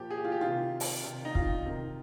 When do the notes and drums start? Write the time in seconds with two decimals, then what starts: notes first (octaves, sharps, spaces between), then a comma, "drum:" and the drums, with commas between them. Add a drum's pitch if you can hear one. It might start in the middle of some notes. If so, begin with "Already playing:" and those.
Already playing: A#2 F3 G4
0.10 G#4
0.17 G4
0.24 F4
0.32 G4
0.41 C3 D#3 F4
0.80 drum: open hi-hat
1.03 C3 D#3
1.25 D#4
1.35 F4, drum: kick
1.66 C3 D#3